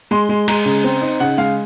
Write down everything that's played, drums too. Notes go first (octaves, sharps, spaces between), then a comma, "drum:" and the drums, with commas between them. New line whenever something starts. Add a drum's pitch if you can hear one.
G#3 C6
G#3
G#3 A#5, drum: cymbal
C#3
C4
D#4
C#3 F#5
G#3 F5